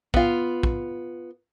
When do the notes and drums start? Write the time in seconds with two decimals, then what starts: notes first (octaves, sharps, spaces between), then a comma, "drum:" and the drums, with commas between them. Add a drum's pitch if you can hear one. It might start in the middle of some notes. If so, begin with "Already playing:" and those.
0.14 B3 F4, drum: kick
0.63 drum: kick